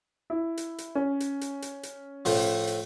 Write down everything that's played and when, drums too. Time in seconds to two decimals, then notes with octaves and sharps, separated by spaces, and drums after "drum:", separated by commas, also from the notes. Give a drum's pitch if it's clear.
0.30 E4
0.57 drum: hi-hat
0.78 drum: hi-hat
0.95 C#4
1.20 drum: hi-hat
1.41 drum: hi-hat
1.62 drum: hi-hat
1.83 drum: hi-hat
2.25 A2 F3, drum: open hi-hat
2.67 drum: hi-hat